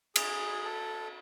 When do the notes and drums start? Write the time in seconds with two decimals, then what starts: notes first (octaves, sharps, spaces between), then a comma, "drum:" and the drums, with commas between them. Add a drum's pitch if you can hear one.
0.16 G#4, drum: cymbal
0.64 A4